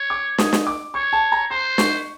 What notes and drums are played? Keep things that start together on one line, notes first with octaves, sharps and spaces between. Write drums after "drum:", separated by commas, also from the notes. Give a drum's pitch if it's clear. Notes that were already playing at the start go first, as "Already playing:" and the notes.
Already playing: C#5
D6
D#6, drum: snare
drum: snare
D6
C#5 C#6
A5
A#5
C5 C6
C#6, drum: snare